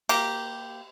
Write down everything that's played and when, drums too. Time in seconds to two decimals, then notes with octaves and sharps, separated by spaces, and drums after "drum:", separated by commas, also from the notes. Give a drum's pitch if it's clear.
0.09 A#3 G4, drum: cymbal